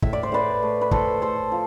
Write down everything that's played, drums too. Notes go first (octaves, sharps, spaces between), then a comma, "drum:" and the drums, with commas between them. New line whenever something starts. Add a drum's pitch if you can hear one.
A2 E5, drum: kick
D5
C5
A2 B4 D5
A3
B4
A2 A4 C5, drum: kick
A3 A4 C5
F3